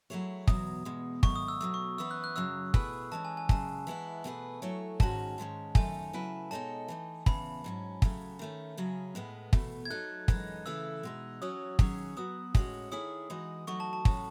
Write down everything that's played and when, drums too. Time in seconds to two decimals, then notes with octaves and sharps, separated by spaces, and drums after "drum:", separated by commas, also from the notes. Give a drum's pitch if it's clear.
0.10 F#3 A3 E4 G#4 C#5
0.47 E2 B2 F#3 D#6, drum: kick
0.85 E2 B2 G#3
1.23 G#2 D#3 F#3 A3 C#6, drum: kick
1.36 D#6
1.48 E6
1.61 B2 F#3 A3 E6
1.74 C#6
1.98 F#2 E3 B3 E4 E6
2.11 F#6
2.24 F#6
2.36 F#2 C#3 F#3 E6
2.74 B2 A3 E4 G#4 B4, drum: kick
3.11 E3 G#3 C#4 A5
3.25 G#5
3.37 G#5
3.49 F#2 C#3 G#3 A5, drum: kick
3.87 E3 G#3 B3 E4
4.24 B2 A3 E4 G#4 B4
4.62 F#3 A3 E4 A4 C#5
5.00 G#2 D#3 G#3 C#4 F#4 A5, drum: kick
5.38 G#2 D#3 G#3 C#4
5.75 F#2 D#3 A3 D#4 A4 G#5, drum: kick
6.13 C#3 F#3 A3 E4 B4
6.51 B2 G#3 D#4 A4 C#5 A5
6.88 E3 A3 D#4
7.26 E2 C#3 E3 B5, drum: kick
7.64 G#2 F#3 C#4
8.02 C#3 F#3 A3, drum: kick
8.39 D#3 A3 C#4
8.77 C#3 F#3 C#4 G#4
9.15 A2 G#3 B3
9.53 E2 B2 A3, drum: kick
9.85 G#6
9.90 F#3 A3 D#4 A4 F#6
10.28 F#2 E3 G#3 D#4 A4, drum: kick
10.66 C#3 E3 A3 E4 A4 E6
11.03 B2 G#3 D#4
11.42 F#3 C#4 F#4 C#5 D#6
11.79 D#3 F#3 C#4 G#4 C#5, drum: kick
12.17 F#3 B3 F#4 D#6
12.55 A2 G#3 C#4 F#4 C#5, drum: kick
12.91 D#3 A3 E4 G#4 C#5 D#6
13.30 E3 G#3 D#4 F#4
13.67 F#3 A3 D#4 F#4 C#6
13.80 A5
13.93 A5
14.05 A2 F#3 C#4 F#4 A4, drum: kick